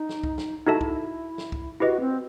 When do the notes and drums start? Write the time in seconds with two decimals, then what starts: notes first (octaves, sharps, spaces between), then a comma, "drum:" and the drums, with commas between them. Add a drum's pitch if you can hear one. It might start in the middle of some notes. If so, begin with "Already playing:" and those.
Already playing: D#4
0.09 drum: snare
0.23 drum: kick
0.38 drum: snare
0.67 D#4 E4 F#4 A4 E5 A5
0.81 drum: kick
1.38 drum: snare
1.52 drum: kick
1.80 E4 F#4 G4 B4 D#5
2.00 C4